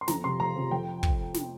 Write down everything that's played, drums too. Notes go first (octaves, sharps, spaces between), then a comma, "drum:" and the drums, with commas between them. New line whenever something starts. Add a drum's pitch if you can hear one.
C6
F2 A#5, drum: snare
C3 F3 C6
F2 A#5
C3 F3
F2 G5
drum: kick
drum: snare